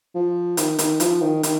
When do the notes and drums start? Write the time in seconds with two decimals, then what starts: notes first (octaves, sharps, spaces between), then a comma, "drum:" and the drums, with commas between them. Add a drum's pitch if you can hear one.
0.15 F3
0.57 D#3, drum: hi-hat
0.79 D#3, drum: hi-hat
1.00 F3, drum: hi-hat
1.22 D#3
1.43 D#3, drum: hi-hat